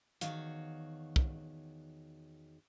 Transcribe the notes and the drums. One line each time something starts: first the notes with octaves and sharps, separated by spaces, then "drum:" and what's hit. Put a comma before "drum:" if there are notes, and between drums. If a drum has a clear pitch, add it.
E2 D#3 F#4 C#5 F5, drum: hi-hat
drum: kick